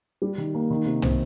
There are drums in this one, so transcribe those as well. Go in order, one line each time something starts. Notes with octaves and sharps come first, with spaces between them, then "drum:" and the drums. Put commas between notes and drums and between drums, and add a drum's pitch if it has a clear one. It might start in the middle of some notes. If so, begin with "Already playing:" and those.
G3
D#3
A#3
D#3
C3
C4, drum: tom